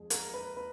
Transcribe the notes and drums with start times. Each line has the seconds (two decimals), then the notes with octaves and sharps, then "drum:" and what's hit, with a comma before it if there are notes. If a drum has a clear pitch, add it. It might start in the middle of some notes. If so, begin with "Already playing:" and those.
Already playing: F2 G#3 G#4
0.10 A#4, drum: hi-hat
0.34 B4
0.57 B4